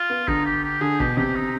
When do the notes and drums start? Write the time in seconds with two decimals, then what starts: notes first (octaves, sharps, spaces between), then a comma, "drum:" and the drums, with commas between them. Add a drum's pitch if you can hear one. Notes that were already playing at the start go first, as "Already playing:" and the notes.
Already playing: F4
0.10 B3
0.28 D3 D#4, drum: kick G1
0.46 G4
0.63 G4
0.81 D3 G#4
1.00 B2 G4, drum: kick G1
1.17 C3 G4
1.35 D#4